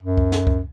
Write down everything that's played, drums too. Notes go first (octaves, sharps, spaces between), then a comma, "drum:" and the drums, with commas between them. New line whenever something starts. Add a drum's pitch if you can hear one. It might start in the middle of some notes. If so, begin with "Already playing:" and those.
F#2
drum: kick C#2
drum: snare
drum: kick C#2